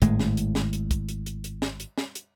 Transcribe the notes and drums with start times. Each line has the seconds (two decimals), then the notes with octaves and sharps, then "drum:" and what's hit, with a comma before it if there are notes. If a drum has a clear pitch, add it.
0.02 G#1 A2 G#3, drum: hi-hat
0.20 drum: snare
0.37 drum: hi-hat
0.55 drum: snare
0.73 drum: hi-hat
0.91 drum: kick, hi-hat
1.09 drum: hi-hat
1.26 drum: hi-hat
1.44 drum: hi-hat
1.62 drum: snare
1.80 drum: hi-hat
1.98 drum: snare
2.15 drum: hi-hat